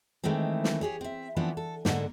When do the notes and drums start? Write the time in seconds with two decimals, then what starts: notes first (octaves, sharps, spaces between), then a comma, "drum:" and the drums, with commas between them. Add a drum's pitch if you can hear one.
0.24 D#3 E3 G#3 A3 C4
0.64 drum: snare
0.81 G4 G#4 C#5
1.01 C4 E5
1.36 E3 F3 A3 B3 C4 D4
1.57 A4
1.85 G#2 D3 A#3 A4 F#5, drum: snare